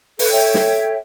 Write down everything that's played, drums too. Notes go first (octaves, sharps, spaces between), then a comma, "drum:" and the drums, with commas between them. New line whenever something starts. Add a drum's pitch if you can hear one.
A4 B4, drum: open hi-hat
C#5 E5 G5
drum: snare